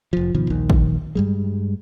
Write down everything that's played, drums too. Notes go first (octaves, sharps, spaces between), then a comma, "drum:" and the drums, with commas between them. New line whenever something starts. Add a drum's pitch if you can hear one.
F1 F3
G1 B2 D#3 F3
A#1 D#2 D#3
drum: kick
G2 G3 G#3